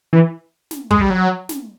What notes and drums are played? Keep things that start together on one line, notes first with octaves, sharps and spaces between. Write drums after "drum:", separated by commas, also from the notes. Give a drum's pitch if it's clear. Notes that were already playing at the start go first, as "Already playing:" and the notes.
E3
drum: snare
G#3, drum: kick
G3
F#3
drum: snare